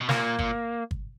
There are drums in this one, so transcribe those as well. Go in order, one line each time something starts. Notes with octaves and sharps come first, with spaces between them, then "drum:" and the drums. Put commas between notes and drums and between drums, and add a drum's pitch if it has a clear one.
B2
A#2 A#3, drum: snare
A#2, drum: kick G1
drum: kick G1